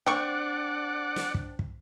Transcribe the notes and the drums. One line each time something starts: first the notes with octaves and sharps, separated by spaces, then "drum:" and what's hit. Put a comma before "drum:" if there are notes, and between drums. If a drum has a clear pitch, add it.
C4 D4 D5 F#5 G5 C#6
drum: snare
drum: kick
drum: kick